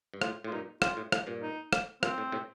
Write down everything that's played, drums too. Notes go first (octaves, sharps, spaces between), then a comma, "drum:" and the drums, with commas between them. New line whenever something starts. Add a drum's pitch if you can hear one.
G2
A2 F4, drum: rim click
A2 F4
G2 A#2 D#4
A2 C3 F4, drum: rim click
A2
A2, drum: rim click
G2 A#2
D#4
drum: rim click
G2 A#2 C4, drum: rim click
A2
A2 C3